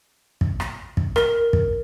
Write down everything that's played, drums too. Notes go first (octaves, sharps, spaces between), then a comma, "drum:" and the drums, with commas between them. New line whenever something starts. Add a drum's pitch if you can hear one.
drum: kick
drum: rim click
drum: kick
A#4, drum: rim click
drum: kick